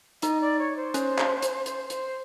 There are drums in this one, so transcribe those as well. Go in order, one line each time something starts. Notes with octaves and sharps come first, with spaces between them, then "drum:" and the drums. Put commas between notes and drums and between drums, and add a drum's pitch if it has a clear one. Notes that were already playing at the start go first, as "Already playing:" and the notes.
D#4 D#5, drum: hi-hat
D5
C#5
C5
C#4, drum: hi-hat
drum: clap
drum: hi-hat
C5, drum: hi-hat
C5, drum: hi-hat